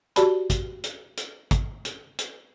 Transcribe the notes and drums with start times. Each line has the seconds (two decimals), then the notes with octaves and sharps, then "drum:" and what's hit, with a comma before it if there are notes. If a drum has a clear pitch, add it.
0.16 F#4 G4 D5 A5 B5, drum: hi-hat
0.50 drum: kick, hi-hat
0.84 drum: hi-hat
1.17 drum: hi-hat
1.51 drum: kick, hi-hat
1.85 drum: hi-hat
2.19 drum: hi-hat